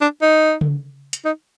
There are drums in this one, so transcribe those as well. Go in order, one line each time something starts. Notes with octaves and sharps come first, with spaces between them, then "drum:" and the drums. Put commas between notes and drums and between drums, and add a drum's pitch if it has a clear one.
D4
D#4
drum: tom C#3
drum: hi-hat
D#4